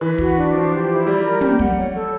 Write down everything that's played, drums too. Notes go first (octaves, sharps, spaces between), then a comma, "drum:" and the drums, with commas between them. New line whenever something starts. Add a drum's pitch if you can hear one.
E3 B4
F#4, drum: kick
D4
F3 C5
G4
E4
G3 D5
A#4
G4, drum: tom
F#5, drum: kick
C#5
A4